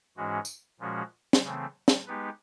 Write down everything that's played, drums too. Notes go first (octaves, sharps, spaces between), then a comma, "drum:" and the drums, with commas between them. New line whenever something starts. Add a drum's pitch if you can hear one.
G#2 E3 G#3 C#4 F#4
drum: tambourine
A#2 F3 G#3 C#4 F#4
drum: snare
C#3 E3 A3 C4
drum: snare
G#3 B3 D#4 G4 B4